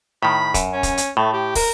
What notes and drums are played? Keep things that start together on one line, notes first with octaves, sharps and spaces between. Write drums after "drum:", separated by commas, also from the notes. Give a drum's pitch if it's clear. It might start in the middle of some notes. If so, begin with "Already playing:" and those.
A2 D#3 B5
F#2, drum: kick, hi-hat
C#4
drum: kick, hi-hat
drum: hi-hat
A2 A3
G4
A#4, drum: kick, open hi-hat